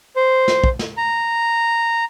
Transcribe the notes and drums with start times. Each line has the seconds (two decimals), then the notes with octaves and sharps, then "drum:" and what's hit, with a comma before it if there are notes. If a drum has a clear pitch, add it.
0.16 C5
0.48 drum: snare
0.64 drum: kick
0.79 drum: snare
0.97 A#5